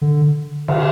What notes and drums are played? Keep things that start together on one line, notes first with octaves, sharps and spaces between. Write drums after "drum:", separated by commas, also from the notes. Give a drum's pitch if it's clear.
D3
D3, drum: cymbal